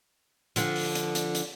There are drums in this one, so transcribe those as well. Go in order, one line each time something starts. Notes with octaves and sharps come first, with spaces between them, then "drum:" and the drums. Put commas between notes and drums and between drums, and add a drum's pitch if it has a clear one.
D3 F3, drum: hi-hat
drum: open hi-hat
drum: hi-hat
drum: hi-hat
drum: hi-hat